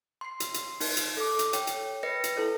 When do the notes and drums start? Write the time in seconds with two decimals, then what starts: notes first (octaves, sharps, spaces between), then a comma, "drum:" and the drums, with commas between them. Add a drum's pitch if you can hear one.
0.21 C6 C7
0.40 drum: hi-hat
0.54 drum: hi-hat
0.80 D#4, drum: open hi-hat
0.97 drum: hi-hat
1.17 A4 D6
1.39 drum: hi-hat
1.53 C#5 G5, drum: hi-hat
1.67 drum: hi-hat
2.03 B4 D#5 A#6 C#7
2.24 drum: hi-hat
2.37 E4 A4 C#5